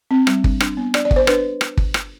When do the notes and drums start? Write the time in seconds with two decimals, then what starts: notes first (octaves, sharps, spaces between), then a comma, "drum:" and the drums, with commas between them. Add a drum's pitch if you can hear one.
0.11 C4
0.27 G3, drum: rim click
0.44 D4, drum: kick
0.60 D4, drum: rim click
0.77 B3
0.94 D4 D5, drum: rim click
1.05 D5
1.11 B3, drum: kick
1.16 C5
1.27 D4 B4, drum: rim click
1.61 drum: rim click
1.77 drum: kick
1.94 drum: rim click